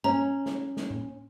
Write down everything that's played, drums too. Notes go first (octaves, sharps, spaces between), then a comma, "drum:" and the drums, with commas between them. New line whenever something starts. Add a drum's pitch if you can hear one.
C#4 A#5
drum: snare
drum: snare
drum: tom A2